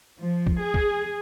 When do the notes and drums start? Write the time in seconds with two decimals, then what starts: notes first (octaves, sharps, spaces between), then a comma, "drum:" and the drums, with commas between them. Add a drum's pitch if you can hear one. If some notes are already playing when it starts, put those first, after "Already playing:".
0.19 F3
0.47 drum: kick
0.60 G#4
0.74 drum: kick